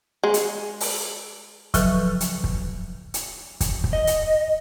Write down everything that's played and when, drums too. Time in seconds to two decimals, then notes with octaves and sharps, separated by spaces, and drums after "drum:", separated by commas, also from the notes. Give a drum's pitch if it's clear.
0.24 G#3
0.34 drum: hi-hat
0.80 drum: open hi-hat
1.74 C#3 F3 F#3 A4 B4 F#6, drum: kick, hi-hat
2.20 drum: hi-hat
2.44 drum: kick
3.14 drum: hi-hat
3.60 drum: kick, hi-hat
3.84 drum: kick
3.93 D#5
4.07 drum: hi-hat